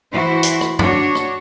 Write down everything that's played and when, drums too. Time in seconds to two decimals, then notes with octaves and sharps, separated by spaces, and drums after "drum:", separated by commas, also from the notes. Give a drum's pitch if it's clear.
0.12 E3 E4 F#4 C5
0.43 drum: hi-hat
0.61 drum: rim click
0.79 D4 F#4 C#5, drum: tom F#2
1.15 drum: rim click